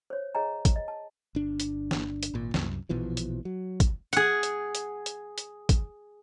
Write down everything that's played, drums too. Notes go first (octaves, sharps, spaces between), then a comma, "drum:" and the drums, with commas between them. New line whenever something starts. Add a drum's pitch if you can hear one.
C5 C#5
G#4 C#5 D#5 G#5 A#5
drum: kick, hi-hat
D#5
A5
G1 D4
drum: hi-hat
drum: snare
drum: hi-hat
G#1 A#2
C2 F#2, drum: snare
A#1 B2 E3 F3
drum: hi-hat
F#3
drum: kick, hi-hat
G#4 F#5, drum: hi-hat
drum: hi-hat
drum: hi-hat
drum: hi-hat
drum: hi-hat
drum: kick, hi-hat